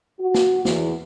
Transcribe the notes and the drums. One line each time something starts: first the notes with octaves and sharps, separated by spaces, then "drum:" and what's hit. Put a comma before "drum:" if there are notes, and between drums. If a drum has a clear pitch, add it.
F#4
drum: snare
E2, drum: snare